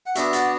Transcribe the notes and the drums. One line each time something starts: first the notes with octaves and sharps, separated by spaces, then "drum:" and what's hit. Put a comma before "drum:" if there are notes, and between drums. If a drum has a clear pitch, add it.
F#5
B3 D4 F#4 E5, drum: hi-hat
D5, drum: hi-hat